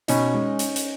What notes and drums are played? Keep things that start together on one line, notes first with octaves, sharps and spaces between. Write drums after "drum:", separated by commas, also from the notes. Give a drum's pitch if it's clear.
B2 C#4 D#4, drum: hi-hat
G#3
drum: hi-hat
drum: hi-hat